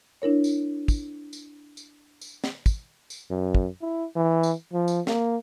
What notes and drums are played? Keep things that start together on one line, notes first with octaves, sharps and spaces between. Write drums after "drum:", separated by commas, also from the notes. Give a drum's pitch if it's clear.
D4 E4 A#4 C#5
drum: tambourine
drum: kick, tambourine
drum: tambourine
drum: tambourine
drum: tambourine
drum: snare
drum: kick, tambourine
drum: tambourine
F#2
drum: kick
E4
E3
drum: tambourine
F3
drum: tambourine
A#3, drum: snare